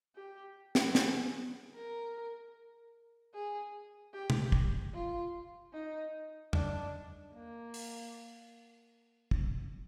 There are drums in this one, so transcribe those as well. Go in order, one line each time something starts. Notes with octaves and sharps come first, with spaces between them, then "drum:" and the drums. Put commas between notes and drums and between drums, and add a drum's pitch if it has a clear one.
G4
drum: snare
G#4, drum: snare
A#4
G#4
G4
drum: tom B2
drum: kick
F4
D#4
D4, drum: tom E2
A#3
drum: open hi-hat
drum: kick